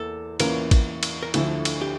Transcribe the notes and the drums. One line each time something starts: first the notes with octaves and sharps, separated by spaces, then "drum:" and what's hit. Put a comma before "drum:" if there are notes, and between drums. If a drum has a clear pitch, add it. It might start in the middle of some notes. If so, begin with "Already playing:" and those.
Already playing: E2 E3 A#3 A4
E2 E3 A#3 C#4 F4 A#4, drum: cymbal
drum: kick A1, cymbal
drum: cymbal
A#4
D2 D3 F3 A3 E4 A4, drum: cymbal
drum: cymbal
G4